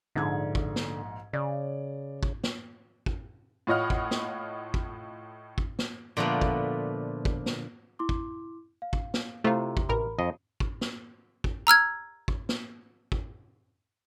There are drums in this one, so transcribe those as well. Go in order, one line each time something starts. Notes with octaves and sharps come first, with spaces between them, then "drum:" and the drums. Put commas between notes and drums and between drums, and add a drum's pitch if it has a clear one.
A#1 G#2 D3 G#6
drum: kick
drum: snare
C#3 D5
drum: kick
drum: snare
drum: kick
A2 F4 C#5 D#5 F#5 F6
drum: kick
drum: snare
drum: kick
drum: kick
drum: snare
A#2 D3 F3 A3 B3
drum: kick
drum: kick
drum: snare
E4 C6 D6
drum: kick
F5
drum: kick
drum: snare
C3 A3 E4 F4 C5 A#5
drum: kick
A1 A#4 B5
F2 D#5
drum: kick
drum: snare
drum: kick
A#5 E6 F6 G#6
drum: kick
drum: snare
drum: kick